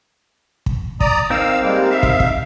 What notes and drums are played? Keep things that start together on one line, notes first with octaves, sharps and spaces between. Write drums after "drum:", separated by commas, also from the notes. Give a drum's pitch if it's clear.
drum: kick
D5 A#5 D#6, drum: kick
C4 D#4 A#4 F5 E6
G3 G#3 A#3
E5 F5
drum: kick
drum: kick